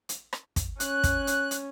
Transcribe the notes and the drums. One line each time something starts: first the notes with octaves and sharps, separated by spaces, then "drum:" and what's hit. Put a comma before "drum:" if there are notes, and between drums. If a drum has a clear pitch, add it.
drum: hi-hat
drum: rim click
drum: kick, hi-hat
C#4 F#6, drum: hi-hat
drum: kick, hi-hat
drum: hi-hat
drum: hi-hat